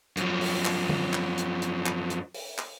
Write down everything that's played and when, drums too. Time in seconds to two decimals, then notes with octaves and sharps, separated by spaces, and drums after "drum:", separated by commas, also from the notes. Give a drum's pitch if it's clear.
0.17 F#2 F3, drum: hi-hat
0.41 drum: open hi-hat
0.65 drum: clap
0.89 drum: tom D3
1.13 drum: clap
1.38 drum: hi-hat
1.62 drum: hi-hat
1.86 drum: clap
2.10 drum: hi-hat
2.34 drum: open hi-hat
2.58 drum: clap